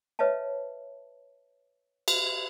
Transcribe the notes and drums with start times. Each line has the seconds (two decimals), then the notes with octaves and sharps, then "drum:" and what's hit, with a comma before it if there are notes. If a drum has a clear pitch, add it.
0.19 B4 C#5 D#5 E5 A5
2.08 drum: cymbal